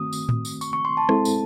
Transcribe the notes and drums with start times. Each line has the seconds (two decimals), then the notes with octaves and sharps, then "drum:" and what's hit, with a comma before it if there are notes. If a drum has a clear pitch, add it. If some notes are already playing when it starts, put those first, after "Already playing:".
Already playing: D#3 A3 C4 F#4 D#6
0.13 drum: tambourine
0.29 drum: tom A2
0.45 drum: tambourine
0.61 C#6, drum: tambourine
0.73 C#6
0.85 C6
0.97 A5
1.09 G#3 C4 E4 A4, drum: rim click
1.25 drum: tambourine